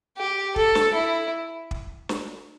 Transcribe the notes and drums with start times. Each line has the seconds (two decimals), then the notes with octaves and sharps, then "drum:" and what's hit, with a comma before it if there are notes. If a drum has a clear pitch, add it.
0.17 G4
0.56 A4, drum: kick
0.75 drum: snare
0.95 E4
1.71 drum: kick
2.09 drum: snare